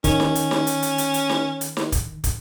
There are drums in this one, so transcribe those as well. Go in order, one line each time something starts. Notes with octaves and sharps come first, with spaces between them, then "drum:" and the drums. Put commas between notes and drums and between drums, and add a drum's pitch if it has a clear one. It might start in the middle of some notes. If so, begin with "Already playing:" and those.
D#3 C#4, drum: kick, hi-hat
drum: snare
drum: hi-hat
drum: snare
drum: hi-hat
drum: hi-hat
drum: hi-hat
drum: hi-hat
drum: snare
drum: hi-hat
drum: snare
drum: kick, hi-hat
drum: kick, hi-hat